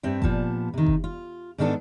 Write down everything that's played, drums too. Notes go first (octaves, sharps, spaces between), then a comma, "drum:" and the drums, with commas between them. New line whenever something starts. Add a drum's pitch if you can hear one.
G2 C4 E5 G5
A#2 F3 B3 A5, drum: kick F#1
C3 D#3
drum: kick F#1
F4
G#2 D#3 B3 D4 F#4 A4